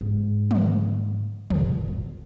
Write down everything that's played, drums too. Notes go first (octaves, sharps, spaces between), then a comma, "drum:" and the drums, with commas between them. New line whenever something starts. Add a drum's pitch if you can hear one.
G#2
drum: tom
F2, drum: tom
F#2
F#2